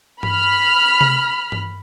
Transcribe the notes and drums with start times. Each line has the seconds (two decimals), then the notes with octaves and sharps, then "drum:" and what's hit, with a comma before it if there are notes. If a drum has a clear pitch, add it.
0.23 B5 F6, drum: tom G2
1.01 drum: tom C3
1.52 drum: tom G2